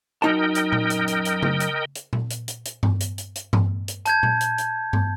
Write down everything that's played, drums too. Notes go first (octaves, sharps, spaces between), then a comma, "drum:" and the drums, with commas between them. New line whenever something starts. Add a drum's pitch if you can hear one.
F#2 D#4 A#4 D#5 G5 A5
drum: hi-hat
drum: tom A#2
drum: hi-hat
drum: hi-hat
drum: hi-hat
drum: tom C#3
drum: hi-hat
drum: hi-hat
drum: tom A#2
drum: hi-hat
drum: hi-hat
drum: hi-hat
drum: tom G2
drum: hi-hat
drum: hi-hat
drum: hi-hat
drum: tom G2
drum: hi-hat
A5 G6 G#6, drum: hi-hat
drum: tom A#2
drum: hi-hat
drum: hi-hat
drum: tom G2